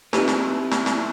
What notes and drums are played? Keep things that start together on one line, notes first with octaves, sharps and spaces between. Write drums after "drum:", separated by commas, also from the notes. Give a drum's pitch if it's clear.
C4 D#4 E4 G4 B4, drum: snare
drum: snare
drum: snare
drum: snare